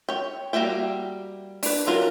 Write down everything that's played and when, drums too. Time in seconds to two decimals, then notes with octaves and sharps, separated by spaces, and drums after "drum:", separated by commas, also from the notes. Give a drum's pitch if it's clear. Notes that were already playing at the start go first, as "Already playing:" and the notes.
0.09 C#5 G5
0.53 G3 A#3 F#4 E5 G5
1.63 D4 B4, drum: open hi-hat
1.86 E3 F#3 F4 A#4